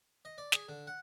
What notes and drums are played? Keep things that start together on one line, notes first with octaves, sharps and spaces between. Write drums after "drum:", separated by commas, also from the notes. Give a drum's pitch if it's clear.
D#5
D5
G#4, drum: snare
D3
F#5